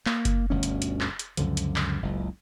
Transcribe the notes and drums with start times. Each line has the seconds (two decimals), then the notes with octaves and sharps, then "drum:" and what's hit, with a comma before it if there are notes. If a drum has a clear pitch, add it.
0.06 A#3, drum: clap
0.25 drum: kick F#1, hi-hat
0.50 G1 D2 B2 C#4
0.63 drum: hi-hat
0.82 drum: hi-hat
1.01 drum: clap
1.19 drum: hi-hat
1.37 C#2 F#2 D3 F3, drum: hi-hat
1.57 drum: hi-hat
1.76 drum: clap
2.03 F#1 C#2